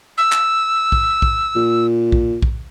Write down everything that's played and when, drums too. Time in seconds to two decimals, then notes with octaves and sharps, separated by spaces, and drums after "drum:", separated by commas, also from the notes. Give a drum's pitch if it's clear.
0.17 E6
0.32 drum: clap
0.92 drum: kick A#1
1.22 drum: kick A#1
1.56 A#2
2.12 drum: kick A#1
2.42 drum: kick A#1